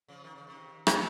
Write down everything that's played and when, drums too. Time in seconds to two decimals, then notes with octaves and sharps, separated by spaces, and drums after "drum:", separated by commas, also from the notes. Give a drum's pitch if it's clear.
0.08 C#3 F3
0.24 D#3
0.35 C#3
0.47 C3 D#3
0.87 C3, drum: rim click